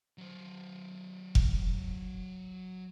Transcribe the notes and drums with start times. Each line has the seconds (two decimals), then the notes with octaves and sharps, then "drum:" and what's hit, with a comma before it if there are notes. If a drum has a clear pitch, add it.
0.18 F#3 C5
1.35 drum: kick F1